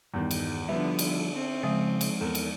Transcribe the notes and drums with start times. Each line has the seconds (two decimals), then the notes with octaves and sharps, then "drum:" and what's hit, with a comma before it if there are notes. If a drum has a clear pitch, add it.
0.14 E2 G2 D#3 G3
0.31 drum: cymbal
0.69 D3 F3 G3 B3 B4 E5
0.99 drum: cymbal
1.34 C4
1.63 C#3 F3 G#3 E5 D#6
2.01 drum: cymbal
2.21 E2 A4 A#4
2.35 drum: cymbal